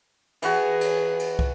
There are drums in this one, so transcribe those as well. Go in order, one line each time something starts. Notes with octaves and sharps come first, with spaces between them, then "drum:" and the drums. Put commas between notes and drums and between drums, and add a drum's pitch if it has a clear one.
E3 F#4 G#4, drum: cymbal
drum: cymbal
drum: cymbal
drum: kick